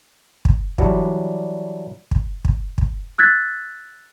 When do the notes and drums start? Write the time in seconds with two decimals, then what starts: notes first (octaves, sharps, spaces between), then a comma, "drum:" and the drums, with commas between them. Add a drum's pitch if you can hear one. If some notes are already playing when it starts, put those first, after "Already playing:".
0.45 drum: kick
0.78 E3 F#3 G3 D4, drum: kick
2.11 drum: kick
2.45 drum: kick
2.78 drum: kick
3.18 E6 F#6 G#6 A6 B6